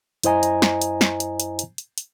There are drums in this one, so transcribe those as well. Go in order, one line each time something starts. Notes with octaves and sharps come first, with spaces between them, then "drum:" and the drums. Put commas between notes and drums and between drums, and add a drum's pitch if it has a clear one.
F#2 E4 C5 D#5 G#5 A#5, drum: hi-hat
drum: hi-hat
drum: snare
drum: hi-hat
drum: snare
drum: hi-hat
drum: hi-hat
drum: hi-hat
drum: hi-hat
drum: hi-hat